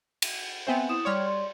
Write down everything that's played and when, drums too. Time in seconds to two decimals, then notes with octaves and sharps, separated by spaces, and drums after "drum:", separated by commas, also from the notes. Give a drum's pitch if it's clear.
0.22 drum: cymbal
0.67 B3 C4 C5 E5 G#5
0.89 E4 D#6 E7
1.05 G3 C#5 D5 C6 F6
1.26 D5 C6